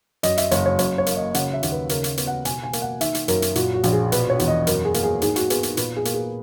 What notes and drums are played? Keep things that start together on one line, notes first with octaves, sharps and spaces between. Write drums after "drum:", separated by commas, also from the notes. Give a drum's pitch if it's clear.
F#2 D#5, drum: hi-hat
E5, drum: hi-hat
F#1 C#5, drum: hi-hat
C#5
F#2 C#5, drum: hi-hat
C#5
A#3, drum: hi-hat
D#5
C#3 F#5, drum: hi-hat
E5
D#2, drum: hi-hat
B4
C#3 A#4, drum: hi-hat
drum: hi-hat
B3, drum: hi-hat
F#5
B2 G#5, drum: hi-hat
G#5
A#3, drum: hi-hat
F#5
D#3 E5, drum: hi-hat
drum: hi-hat
F#2 A#4, drum: hi-hat
drum: hi-hat
A#2 F#4, drum: hi-hat
F#4
A#1, drum: hi-hat
G#4
B2 B4, drum: hi-hat
C#5
E2, drum: hi-hat
D#5
F#2 A#4, drum: hi-hat
G#4
A#3, drum: hi-hat
G#4
G#2 G#4, drum: hi-hat
F#4, drum: hi-hat
B3 G#4, drum: hi-hat
B4, drum: hi-hat
A#2 B4, drum: hi-hat
G#4
A#3, drum: hi-hat
G#4